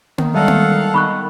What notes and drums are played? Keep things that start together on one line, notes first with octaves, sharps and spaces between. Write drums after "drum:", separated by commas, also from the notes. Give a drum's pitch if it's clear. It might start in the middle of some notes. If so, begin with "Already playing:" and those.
D#3, drum: tom A#3
G3 G#3 A4 D5 F5 F#5
drum: tom A#3
D#3 B3 B5 C#6 F#6